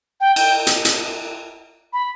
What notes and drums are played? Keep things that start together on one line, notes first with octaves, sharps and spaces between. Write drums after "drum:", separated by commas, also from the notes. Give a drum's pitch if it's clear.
G5
G5, drum: cymbal
drum: hi-hat
drum: hi-hat
B5